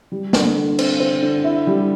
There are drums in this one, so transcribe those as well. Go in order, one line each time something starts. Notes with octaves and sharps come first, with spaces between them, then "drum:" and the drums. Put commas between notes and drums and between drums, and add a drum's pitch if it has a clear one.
G3
D3, drum: snare
D3
C4, drum: cymbal
C4
D3
E4
G3